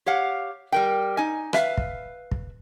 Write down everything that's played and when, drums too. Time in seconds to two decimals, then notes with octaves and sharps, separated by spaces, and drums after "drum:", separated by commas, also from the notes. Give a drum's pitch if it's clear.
0.06 G4 C#5 F5 F#5
0.72 G3 A#4 G5
1.17 D#4 G#5
1.53 B4 E5 F5, drum: rim click
1.78 drum: kick
2.31 drum: kick